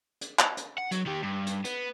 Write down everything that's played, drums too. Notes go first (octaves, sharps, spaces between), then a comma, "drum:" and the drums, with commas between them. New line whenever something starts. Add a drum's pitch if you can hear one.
drum: hi-hat
drum: clap
drum: hi-hat
F#5
F#3, drum: hi-hat
D#3 G4
G2
drum: hi-hat
B3, drum: hi-hat